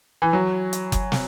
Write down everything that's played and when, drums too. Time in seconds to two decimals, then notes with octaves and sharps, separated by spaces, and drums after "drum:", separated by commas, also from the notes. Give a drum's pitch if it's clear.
0.22 E3
0.33 F#3
0.73 drum: hi-hat
0.92 drum: kick F#1, hi-hat
1.12 drum: snare